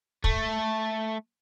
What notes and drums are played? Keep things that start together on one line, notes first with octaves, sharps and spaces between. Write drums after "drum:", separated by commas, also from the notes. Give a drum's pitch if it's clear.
A3, drum: kick